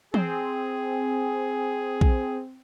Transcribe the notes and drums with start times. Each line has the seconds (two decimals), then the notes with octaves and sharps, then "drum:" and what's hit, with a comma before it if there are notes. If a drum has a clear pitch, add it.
0.14 C4 G#4, drum: tom E3
2.01 drum: kick A#1